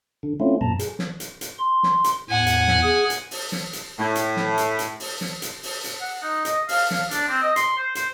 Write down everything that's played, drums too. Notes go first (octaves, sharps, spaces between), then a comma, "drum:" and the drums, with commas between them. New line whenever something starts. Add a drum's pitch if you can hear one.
D3
A3 C4 C#4 E4 F4
F#2 A#2 A5 A#5
G#4, drum: hi-hat
drum: snare
drum: hi-hat
drum: hi-hat
C6
drum: snare
drum: hi-hat
E2 A2 F#5 G#5
drum: hi-hat
drum: snare
G#4
drum: hi-hat
drum: open hi-hat
drum: snare
drum: hi-hat
A2
drum: hi-hat
drum: snare
drum: hi-hat
drum: hi-hat
drum: open hi-hat
drum: snare
drum: hi-hat
drum: open hi-hat
drum: hi-hat
F#5
D#4
D#5, drum: hi-hat
F5, drum: open hi-hat
F5, drum: snare
D4, drum: hi-hat
C4
D#5
C6, drum: hi-hat
C5
C5, drum: hi-hat